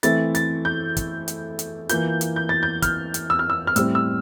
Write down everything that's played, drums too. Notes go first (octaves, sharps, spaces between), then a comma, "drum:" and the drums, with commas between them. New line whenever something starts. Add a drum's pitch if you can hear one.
E3 A3 C4 E4 A6, drum: hi-hat
A6, drum: hi-hat
G6
drum: kick, hi-hat
drum: hi-hat
drum: hi-hat
E3 A#3 F4 G6, drum: hi-hat
drum: hi-hat
G6
A6
G6
F6, drum: kick, hi-hat
drum: hi-hat
E6
F6
E6
F6
A2 G3 C4 E4 E6, drum: hi-hat
E6